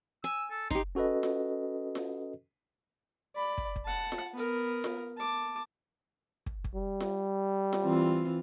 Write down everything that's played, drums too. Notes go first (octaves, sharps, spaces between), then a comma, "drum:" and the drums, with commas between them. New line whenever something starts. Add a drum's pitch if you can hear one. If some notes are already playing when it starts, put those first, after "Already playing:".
G#5 E6
A4
D#4 G4 C6, drum: kick
C#4 F#4 A4 B4 D#5
drum: snare F4
drum: snare F4
D5 B5
drum: kick
drum: kick
F#5 A5
drum: snare F4
B3 A#4
drum: snare F4
A5 D6
drum: kick
drum: kick
G3
drum: snare F4
drum: snare F4
E3 C4 F4